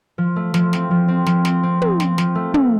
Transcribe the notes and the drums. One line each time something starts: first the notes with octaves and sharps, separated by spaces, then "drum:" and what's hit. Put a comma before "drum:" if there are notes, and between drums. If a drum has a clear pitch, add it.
F3
A3
F3, drum: snare
C4, drum: snare
F3
C4
F3, drum: snare
C4, drum: snare
C4
C4, drum: tom
C4, drum: snare
F3, drum: snare
A3
A3, drum: tom